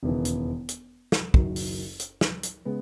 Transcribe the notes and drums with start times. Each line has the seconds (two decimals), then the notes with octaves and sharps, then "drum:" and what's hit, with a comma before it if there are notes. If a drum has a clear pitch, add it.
0.03 E1 D#2 C#3 E3 B3
0.25 drum: hi-hat
0.69 drum: hi-hat
1.12 drum: snare
1.34 F#1 F#2 D#3 F#3, drum: kick
1.56 drum: open hi-hat
1.99 drum: hi-hat
2.21 drum: snare
2.43 drum: hi-hat
2.65 C#3 G#3 B3